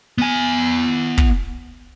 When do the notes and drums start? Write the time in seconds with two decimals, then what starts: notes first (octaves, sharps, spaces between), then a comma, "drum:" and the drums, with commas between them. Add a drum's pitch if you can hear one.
0.18 B3 G#5
1.18 drum: kick